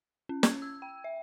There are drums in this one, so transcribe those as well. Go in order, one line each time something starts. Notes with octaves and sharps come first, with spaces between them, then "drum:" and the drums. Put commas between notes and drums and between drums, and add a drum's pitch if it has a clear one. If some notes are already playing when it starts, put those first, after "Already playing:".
C#4
G#6, drum: snare
E6
G5
E5